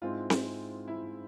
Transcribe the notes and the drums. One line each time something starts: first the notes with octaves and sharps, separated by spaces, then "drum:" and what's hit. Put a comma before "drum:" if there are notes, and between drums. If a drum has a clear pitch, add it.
G#2 G#3 C4 E4 F4
drum: snare C4
E4